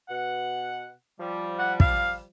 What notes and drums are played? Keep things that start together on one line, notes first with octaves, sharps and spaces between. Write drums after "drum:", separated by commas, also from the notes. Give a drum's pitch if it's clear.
B2 F#5
F3 G3
F#5
F5, drum: kick